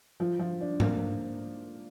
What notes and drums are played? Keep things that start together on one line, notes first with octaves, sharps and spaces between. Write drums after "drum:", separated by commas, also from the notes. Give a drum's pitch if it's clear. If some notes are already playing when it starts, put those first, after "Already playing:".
F3
F3
D4
A#3, drum: tom G#2